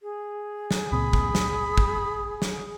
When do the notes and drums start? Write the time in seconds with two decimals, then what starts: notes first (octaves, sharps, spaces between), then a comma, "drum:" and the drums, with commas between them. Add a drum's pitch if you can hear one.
0.03 G#4
0.71 drum: snare
0.92 C#2 A#2 C4 B5 D#6
1.13 drum: kick
1.35 drum: snare
1.78 drum: kick
2.42 drum: snare